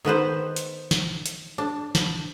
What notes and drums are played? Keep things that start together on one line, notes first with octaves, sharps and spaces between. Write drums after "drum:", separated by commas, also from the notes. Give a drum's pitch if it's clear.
D#3 B3 B4 C5
drum: hi-hat
drum: snare
drum: hi-hat
D4
drum: snare